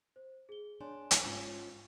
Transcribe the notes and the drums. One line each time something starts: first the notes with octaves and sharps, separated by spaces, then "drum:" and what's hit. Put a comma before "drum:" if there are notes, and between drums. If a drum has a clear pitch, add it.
C5
G#4 G7
D4 C#5 G#5 C6
drum: hi-hat
G#2 C#4 F4